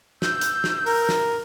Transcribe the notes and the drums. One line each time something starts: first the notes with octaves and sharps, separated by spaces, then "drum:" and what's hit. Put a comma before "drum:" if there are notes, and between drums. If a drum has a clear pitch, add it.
E6 G6, drum: snare
drum: hi-hat
drum: snare
A#4, drum: open hi-hat
drum: snare